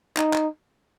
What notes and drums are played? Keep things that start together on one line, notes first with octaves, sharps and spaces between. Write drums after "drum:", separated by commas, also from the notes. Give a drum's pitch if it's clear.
D#4, drum: clap
drum: clap